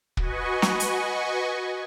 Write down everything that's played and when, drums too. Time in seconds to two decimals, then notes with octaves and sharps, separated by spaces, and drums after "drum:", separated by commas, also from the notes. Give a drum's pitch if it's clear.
0.17 F#4 B4 D#5 G#5 C#6, drum: kick
0.62 drum: snare
0.80 drum: hi-hat